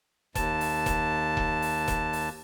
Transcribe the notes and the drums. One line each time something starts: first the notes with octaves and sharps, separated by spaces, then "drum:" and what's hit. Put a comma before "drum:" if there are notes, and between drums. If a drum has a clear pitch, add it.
D#2 A5, drum: kick E1, hi-hat
drum: open hi-hat
drum: kick E1, hi-hat
drum: kick E1
drum: open hi-hat
drum: kick E1, hi-hat
drum: open hi-hat